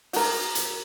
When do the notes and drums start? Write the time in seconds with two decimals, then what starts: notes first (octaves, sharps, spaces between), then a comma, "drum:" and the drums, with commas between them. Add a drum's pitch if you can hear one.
0.13 F#4 A#4, drum: open hi-hat
0.55 drum: hi-hat